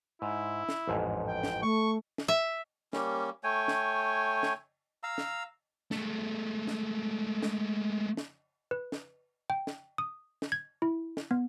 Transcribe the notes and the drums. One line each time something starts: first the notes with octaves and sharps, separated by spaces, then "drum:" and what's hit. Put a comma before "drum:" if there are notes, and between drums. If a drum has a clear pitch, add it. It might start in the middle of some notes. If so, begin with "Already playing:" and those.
G#2 E4
drum: snare
A1 F2 G#2
G5
drum: snare
A3 C#6
drum: snare
E5
G3 A#3 C#4, drum: snare
A3 C#5 G5 G#5
drum: snare
drum: snare
F5 A#5 E6
drum: snare
G#3 A3, drum: snare
drum: snare
drum: snare
drum: snare
B4
drum: snare
G5
drum: snare
D#6
drum: snare
G#6
E4
drum: snare
B3